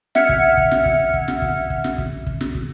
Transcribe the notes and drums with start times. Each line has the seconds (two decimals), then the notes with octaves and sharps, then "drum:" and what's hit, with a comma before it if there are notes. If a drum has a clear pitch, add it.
0.15 E5 F#5 F6 G#6 C#7, drum: snare
0.29 drum: kick
0.57 drum: kick
0.71 drum: snare
0.86 drum: kick
1.14 drum: kick
1.28 drum: snare
1.42 drum: kick
1.70 drum: kick
1.84 drum: snare
1.98 drum: kick
2.27 drum: kick
2.41 drum: snare
2.55 drum: kick